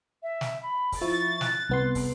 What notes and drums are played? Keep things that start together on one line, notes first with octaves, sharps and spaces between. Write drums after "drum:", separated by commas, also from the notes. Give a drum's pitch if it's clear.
E5
drum: snare
B5
drum: kick, open hi-hat
F3 E4 C#6 A6
F#6, drum: snare
C2 B3 C6
drum: kick, open hi-hat